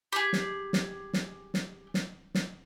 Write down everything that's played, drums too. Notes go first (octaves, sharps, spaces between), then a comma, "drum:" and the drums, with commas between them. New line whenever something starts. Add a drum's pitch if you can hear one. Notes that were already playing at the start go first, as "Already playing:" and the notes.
G4 G#4
drum: snare
drum: snare
drum: snare
drum: snare
drum: snare
drum: snare